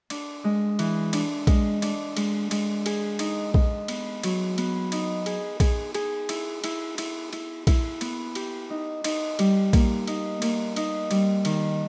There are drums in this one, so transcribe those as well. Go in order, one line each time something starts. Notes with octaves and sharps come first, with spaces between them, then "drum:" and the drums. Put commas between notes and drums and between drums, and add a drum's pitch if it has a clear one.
D4, drum: cymbal
G#3
E3, drum: cymbal
D4, drum: cymbal
G#3, drum: kick A#1, cymbal
D4, drum: cymbal
G#3, drum: cymbal
G#3, drum: cymbal
G#4, drum: cymbal
D#4, drum: cymbal
D#4, drum: kick A#1
B3, drum: cymbal
F#3, drum: cymbal
B3, drum: cymbal
D#4, drum: cymbal
G#4, drum: cymbal
G#4, drum: kick A#1, cymbal
G#4, drum: cymbal
E4, drum: cymbal
E4, drum: cymbal
E4, drum: cymbal
E4, drum: cymbal
E4, drum: kick A#1, cymbal
B3, drum: cymbal
G4, drum: cymbal
D#4
D#4, drum: cymbal
G3, drum: cymbal
A#3, drum: kick A#1, cymbal
D#4, drum: cymbal
A#3, drum: cymbal
D#4, drum: cymbal
G3, drum: cymbal
D#3, drum: cymbal